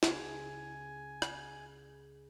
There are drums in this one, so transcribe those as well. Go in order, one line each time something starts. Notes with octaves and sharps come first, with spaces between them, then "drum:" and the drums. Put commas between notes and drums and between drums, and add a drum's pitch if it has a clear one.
C#2 G#4 G#5, drum: snare
drum: rim click